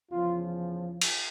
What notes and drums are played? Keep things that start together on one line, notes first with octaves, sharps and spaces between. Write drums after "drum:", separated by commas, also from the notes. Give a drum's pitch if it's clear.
E2 C#3 F3 F4
drum: cymbal